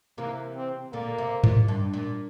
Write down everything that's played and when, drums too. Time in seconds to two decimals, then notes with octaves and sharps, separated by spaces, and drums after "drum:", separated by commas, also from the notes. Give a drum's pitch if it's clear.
0.18 C3 E3 A#3
0.56 C4
0.93 A#2 D3 A#3
1.18 C3
1.44 A#2, drum: tom G#2
1.68 G2
1.94 A#2